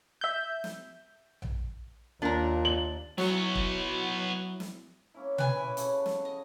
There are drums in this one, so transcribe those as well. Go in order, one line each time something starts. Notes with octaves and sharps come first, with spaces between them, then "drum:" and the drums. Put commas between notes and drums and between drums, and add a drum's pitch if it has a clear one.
E5 G6
drum: snare
drum: tom A#1
D#2 A#2 D4 A#4
F#7
F#3 B3 E4 C#5, drum: snare
drum: kick
drum: snare
A#3 C#4 E4
B4 G#5, drum: tom B2
E4 C#5
C#3 F#4 A4, drum: hi-hat
drum: snare
D#5